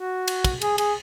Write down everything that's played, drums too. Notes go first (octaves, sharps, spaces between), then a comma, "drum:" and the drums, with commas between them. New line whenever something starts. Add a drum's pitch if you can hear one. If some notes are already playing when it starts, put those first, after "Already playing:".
Already playing: F#4
drum: cymbal
drum: kick, cymbal
G#4, drum: cymbal
G#4, drum: cymbal